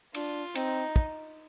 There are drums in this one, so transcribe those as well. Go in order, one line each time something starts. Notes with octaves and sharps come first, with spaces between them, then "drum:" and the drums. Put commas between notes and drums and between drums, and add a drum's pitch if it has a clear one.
D4 F4, drum: cymbal
C4 D#4, drum: cymbal
drum: kick